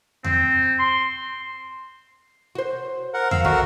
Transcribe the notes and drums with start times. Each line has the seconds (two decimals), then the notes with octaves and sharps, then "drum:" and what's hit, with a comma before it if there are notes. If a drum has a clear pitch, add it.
0.24 C4, drum: tom E2
0.79 C6
2.55 F#4 C5
3.14 A#4 F#5
3.31 F5 E6, drum: tom E2
3.44 D#3 F#3 A3 F#4 A#4 F#5, drum: kick